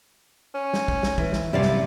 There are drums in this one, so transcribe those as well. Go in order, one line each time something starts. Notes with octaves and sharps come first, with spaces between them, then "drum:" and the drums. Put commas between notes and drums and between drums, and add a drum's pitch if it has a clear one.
C#4
drum: snare
drum: kick
drum: snare
E3, drum: kick
drum: snare
F#2 C3 G3 E4 D5 F5
drum: snare